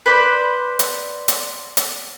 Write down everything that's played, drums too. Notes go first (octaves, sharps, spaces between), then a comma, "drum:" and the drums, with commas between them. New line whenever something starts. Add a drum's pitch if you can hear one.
B4 C5 D5
drum: hi-hat
drum: hi-hat
drum: hi-hat